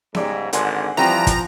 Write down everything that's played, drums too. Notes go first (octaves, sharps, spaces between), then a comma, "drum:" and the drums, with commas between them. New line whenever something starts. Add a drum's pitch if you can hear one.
G#2 C#3 G3 D5 E5, drum: snare B3
G#1 D3 F#5 G#5 C6, drum: hi-hat
E3 F3 G3 C4 A#5
drum: kick, hi-hat